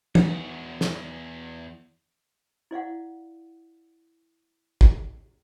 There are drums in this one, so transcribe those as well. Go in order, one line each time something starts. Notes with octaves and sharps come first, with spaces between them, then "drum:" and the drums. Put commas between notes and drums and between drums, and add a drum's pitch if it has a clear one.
E2 F#4, drum: tom
drum: snare
E4 D5 F5 F#5
drum: kick